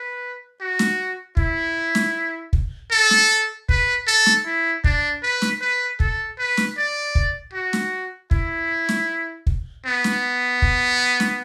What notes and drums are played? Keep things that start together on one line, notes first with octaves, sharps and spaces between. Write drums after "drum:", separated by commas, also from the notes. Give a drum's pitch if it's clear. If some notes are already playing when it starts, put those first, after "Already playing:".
Already playing: B4
F#4
drum: snare
E4, drum: kick
drum: snare
drum: kick
A4
drum: snare
B4, drum: kick
A4
drum: snare
E4
D4, drum: kick
B4
drum: snare
B4
A4, drum: kick
B4
drum: snare
D5
drum: kick
F#4
drum: snare
E4, drum: kick
drum: snare
drum: kick
B3
drum: snare
drum: kick
drum: snare